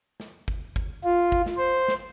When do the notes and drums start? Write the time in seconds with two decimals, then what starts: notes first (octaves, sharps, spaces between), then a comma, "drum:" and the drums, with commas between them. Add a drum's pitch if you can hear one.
0.20 drum: snare
0.48 drum: kick G1
0.76 drum: kick G1
1.04 F4
1.32 drum: kick G1
1.46 drum: snare
1.57 C5
1.88 drum: snare